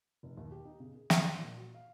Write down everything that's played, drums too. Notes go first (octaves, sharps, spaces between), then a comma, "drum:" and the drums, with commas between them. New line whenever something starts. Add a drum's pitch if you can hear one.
F1
D#2
G4
D#4
C#3
G#4
F1, drum: snare
C6
A#2
F#4
F5